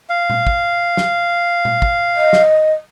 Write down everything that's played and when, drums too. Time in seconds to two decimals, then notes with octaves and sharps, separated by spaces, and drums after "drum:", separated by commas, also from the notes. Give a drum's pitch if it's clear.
0.09 F5
0.30 drum: tom A#2
0.47 drum: kick
0.97 drum: snare
1.65 drum: tom A#2
1.82 drum: kick
2.16 D#5
2.33 drum: snare